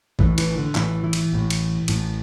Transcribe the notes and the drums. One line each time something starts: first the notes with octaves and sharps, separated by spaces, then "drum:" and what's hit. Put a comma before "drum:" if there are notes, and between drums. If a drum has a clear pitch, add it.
A1 A2 E3, drum: kick A1
E3, drum: cymbal
D3
A1 A2 E3, drum: clap
E3
drum: cymbal
A1 A2
drum: cymbal
A1 A2, drum: cymbal